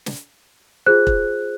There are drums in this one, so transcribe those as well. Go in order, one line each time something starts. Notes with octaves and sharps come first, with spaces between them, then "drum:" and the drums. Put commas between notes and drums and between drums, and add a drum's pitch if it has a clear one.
drum: snare
F4 G#4 C5 F#6
drum: kick E1